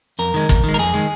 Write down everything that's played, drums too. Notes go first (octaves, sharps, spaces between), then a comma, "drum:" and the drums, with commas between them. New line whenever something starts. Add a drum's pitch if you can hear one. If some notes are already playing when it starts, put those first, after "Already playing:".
F2 A#4
D#3 G#3
F2, drum: kick
D#3 G#3
A#4
F2 G#4
D#3 G#3